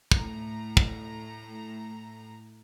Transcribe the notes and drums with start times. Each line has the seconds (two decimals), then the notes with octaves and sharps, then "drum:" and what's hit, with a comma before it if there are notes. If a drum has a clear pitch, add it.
0.12 A2 A#5, drum: kick
0.77 drum: kick